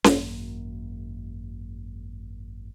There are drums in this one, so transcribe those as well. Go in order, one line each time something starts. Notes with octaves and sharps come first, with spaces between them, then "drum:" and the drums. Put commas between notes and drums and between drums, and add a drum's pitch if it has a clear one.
G#1 F#2 A#3, drum: snare C#4